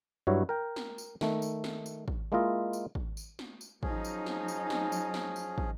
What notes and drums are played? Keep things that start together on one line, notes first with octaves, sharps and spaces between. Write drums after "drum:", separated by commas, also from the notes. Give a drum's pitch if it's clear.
G2 F#3 E4 F#4 C#5
A#4 G5
drum: snare
drum: tambourine
D#3 A3, drum: snare
drum: tambourine
drum: snare
drum: tambourine
drum: kick
G#3 A#3 E4 F4 D#5
drum: tambourine
drum: kick
drum: tambourine
drum: snare
drum: tambourine
F3 F#3 C#4 D#4 G#4, drum: kick
drum: tambourine
drum: snare
drum: tambourine
drum: snare
drum: tambourine
drum: snare
drum: tambourine
drum: kick